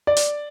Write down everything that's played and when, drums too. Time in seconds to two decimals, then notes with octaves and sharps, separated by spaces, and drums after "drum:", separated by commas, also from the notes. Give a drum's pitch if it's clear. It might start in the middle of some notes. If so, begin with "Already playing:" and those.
0.07 D5
0.17 drum: hi-hat